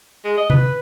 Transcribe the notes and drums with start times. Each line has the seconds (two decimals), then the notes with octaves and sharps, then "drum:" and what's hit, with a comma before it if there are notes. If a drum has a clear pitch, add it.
0.25 G#3
0.37 D#5
0.50 B4, drum: tom